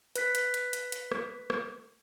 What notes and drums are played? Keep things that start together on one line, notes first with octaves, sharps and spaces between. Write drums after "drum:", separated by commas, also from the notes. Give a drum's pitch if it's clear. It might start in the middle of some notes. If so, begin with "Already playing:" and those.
B4 F#6 B6, drum: hi-hat
drum: hi-hat
drum: hi-hat
drum: hi-hat
drum: hi-hat
drum: rim click
drum: rim click